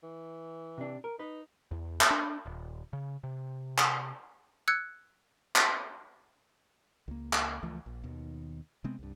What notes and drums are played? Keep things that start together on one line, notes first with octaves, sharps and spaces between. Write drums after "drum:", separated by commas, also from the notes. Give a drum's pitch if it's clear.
E3
C3 D4
A#4
D#4 B4
E2
drum: clap
D4
D#1
C#3
C3
drum: clap
E6 F#6 G#6 C#7
drum: clap
C#2 A#3
drum: clap
C#2 E3 F3 A3
A#1
D#2 B2 D#3
C3 G#3 B3 C4
C2 G2